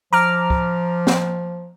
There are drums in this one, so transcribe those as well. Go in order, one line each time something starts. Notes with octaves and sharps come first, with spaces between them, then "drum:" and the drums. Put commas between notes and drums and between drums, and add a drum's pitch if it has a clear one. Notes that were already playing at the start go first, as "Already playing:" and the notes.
F3 A#5 D6 F6
drum: kick
drum: snare